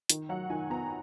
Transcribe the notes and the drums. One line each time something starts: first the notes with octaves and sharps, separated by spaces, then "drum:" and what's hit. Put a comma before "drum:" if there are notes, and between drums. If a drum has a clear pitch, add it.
D#3, drum: hi-hat
F#3 F#5
D#3 G#5
B3 A#5